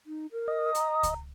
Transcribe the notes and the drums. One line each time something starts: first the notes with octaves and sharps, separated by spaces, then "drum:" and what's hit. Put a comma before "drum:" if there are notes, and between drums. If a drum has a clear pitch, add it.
D#4
A#4
D#5
A#5, drum: hi-hat
drum: kick C#2, hi-hat